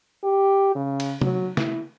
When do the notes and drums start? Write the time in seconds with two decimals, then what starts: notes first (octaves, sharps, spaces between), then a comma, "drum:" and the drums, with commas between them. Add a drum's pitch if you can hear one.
0.23 G4
0.75 C#3
1.00 drum: cymbal
1.21 F#3, drum: tom C3
1.57 E4, drum: snare